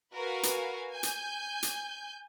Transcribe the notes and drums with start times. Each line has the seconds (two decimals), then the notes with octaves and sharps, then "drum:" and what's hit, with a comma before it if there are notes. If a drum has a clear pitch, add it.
0.14 F#4 A#4 B4 F5 G#5
0.43 drum: hi-hat
0.93 G#5 G6
1.03 drum: hi-hat
1.63 drum: hi-hat